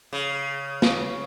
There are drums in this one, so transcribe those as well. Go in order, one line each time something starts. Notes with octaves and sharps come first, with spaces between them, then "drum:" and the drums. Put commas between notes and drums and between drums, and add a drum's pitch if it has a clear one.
C#3
drum: snare